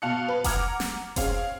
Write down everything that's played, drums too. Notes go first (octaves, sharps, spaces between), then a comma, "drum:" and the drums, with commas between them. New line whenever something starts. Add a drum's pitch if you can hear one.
B2 F5 A5 F#6 C#7
B4
F#5 A#5 D6 F6 G#6, drum: kick F1, hi-hat
drum: snare
C4 C#4 G#4 F5, drum: kick F1, hi-hat